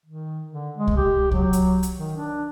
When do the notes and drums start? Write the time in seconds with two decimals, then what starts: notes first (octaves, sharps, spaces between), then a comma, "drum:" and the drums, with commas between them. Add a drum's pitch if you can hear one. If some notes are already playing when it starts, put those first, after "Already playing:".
0.05 D#3
0.51 D3
0.77 G#3
0.87 drum: kick C2
0.97 G4
1.31 F#3, drum: kick C2
1.53 drum: hi-hat
1.83 drum: hi-hat
1.97 D#3
2.17 D4